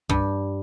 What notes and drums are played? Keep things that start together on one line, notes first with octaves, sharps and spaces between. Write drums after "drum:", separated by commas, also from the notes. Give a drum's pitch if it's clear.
G2, drum: kick